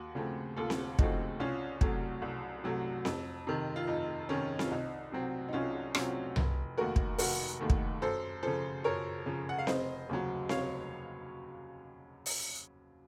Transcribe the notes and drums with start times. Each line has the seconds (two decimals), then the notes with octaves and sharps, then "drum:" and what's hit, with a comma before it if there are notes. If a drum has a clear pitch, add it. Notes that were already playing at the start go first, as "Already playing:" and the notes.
Already playing: D#2 F#4
0.15 C#3 F3 A3 C4
0.57 D#2 F4 A4
0.70 drum: snare C4
0.99 C#3 F3 A3 C4 D#4 F#4, drum: kick
1.40 C2 C#4 F4
1.81 C3 F#3 A3, drum: kick
2.22 C2
2.64 C3 F#3 A3
3.05 F2, drum: snare C4
3.47 C3 D#3
3.76 F4
3.87 F2 D#4
4.29 C3 D#3 C#4
4.59 F4, drum: snare C4
4.70 C2 D#4
5.12 C3 F#3 C4
5.48 D#4
5.53 C2 C#4 F4
5.95 C3 F#3 C4 C#4 F4, drum: rim click
6.36 F1, drum: tom C2
6.77 D#2 D#3 A3 F#4 A#4
6.96 drum: kick
7.18 F1 F#4 A#4, drum: open hi-hat
7.61 D#2 D#3 A3
7.70 drum: kick
8.02 F#2 A4 C5
8.42 C#3 F3 A4 C5
8.84 F#2 A#4 C#5
9.26 C#3 F3
9.49 F#5
9.58 F5
9.67 F1 C5 D#5, drum: snare C4
10.09 D#2 C#3 F#3
10.49 F1 C#5 F5, drum: snare C4
12.26 drum: open hi-hat